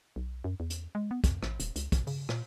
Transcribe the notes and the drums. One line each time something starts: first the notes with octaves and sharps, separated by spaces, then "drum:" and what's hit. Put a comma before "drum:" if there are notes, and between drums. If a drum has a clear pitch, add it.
B1
F#2
E2
drum: hi-hat
G#3
B3
F2, drum: kick, hi-hat
A1, drum: rim click
D#1, drum: hi-hat
C#2, drum: hi-hat
A1, drum: kick, hi-hat
C#3, drum: open hi-hat
A#2, drum: rim click